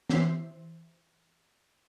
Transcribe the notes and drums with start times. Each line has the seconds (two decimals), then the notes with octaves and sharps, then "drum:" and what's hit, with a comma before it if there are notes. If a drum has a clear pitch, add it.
0.09 E3 G4 C5 E5 C7, drum: snare